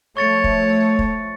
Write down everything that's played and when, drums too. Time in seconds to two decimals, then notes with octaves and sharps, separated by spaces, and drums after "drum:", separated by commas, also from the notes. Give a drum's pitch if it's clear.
0.17 F3 A3 C#5 C#6 A6 C#7
0.44 drum: kick
0.99 drum: kick